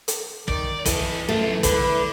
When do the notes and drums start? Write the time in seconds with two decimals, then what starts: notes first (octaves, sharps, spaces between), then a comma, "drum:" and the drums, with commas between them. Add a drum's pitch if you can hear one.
0.08 drum: hi-hat
0.48 D#3 D5, drum: kick
0.86 E3 A4 D#5, drum: kick, hi-hat
1.29 F#2 A3 F4
1.63 D3 B4, drum: kick, hi-hat